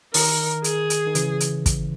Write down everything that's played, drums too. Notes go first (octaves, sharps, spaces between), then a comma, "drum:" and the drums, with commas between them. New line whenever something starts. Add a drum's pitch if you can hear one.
D#3 A#4, drum: open hi-hat
G#4, drum: hi-hat
drum: hi-hat
D#3
C#3 E3, drum: hi-hat
drum: hi-hat
drum: kick, hi-hat